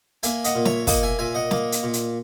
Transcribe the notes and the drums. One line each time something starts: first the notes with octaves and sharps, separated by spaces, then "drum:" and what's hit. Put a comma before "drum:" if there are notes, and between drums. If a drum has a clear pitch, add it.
A#3 E5 G#5, drum: hi-hat
D#5 F#5, drum: hi-hat
A#2
C#5 E5, drum: snare
A#3 D#5 F#5, drum: kick, open hi-hat
E5 G#5
A#2 E5 G#5
D#5 F#5
A#3, drum: snare
drum: hi-hat
A#2
drum: hi-hat